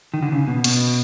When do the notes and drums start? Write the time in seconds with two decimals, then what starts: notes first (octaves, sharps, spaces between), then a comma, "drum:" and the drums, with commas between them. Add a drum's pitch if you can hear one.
0.14 D#3
0.22 D3
0.32 C#3
0.47 B2
0.64 B2, drum: cymbal